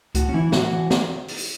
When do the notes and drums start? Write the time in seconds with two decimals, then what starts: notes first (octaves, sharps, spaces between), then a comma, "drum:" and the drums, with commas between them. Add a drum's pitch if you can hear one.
0.15 A2 F#4, drum: kick C#2, hi-hat
0.29 C#4
0.34 E3 E4
0.52 A2 F#4, drum: snare
0.72 E3
0.90 drum: snare
1.28 drum: open hi-hat